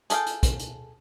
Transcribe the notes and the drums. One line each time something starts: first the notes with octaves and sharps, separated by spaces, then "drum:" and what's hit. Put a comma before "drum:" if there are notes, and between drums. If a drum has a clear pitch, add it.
G#4 A4 E5 F5 G5, drum: hi-hat
drum: hi-hat
drum: kick, hi-hat
drum: hi-hat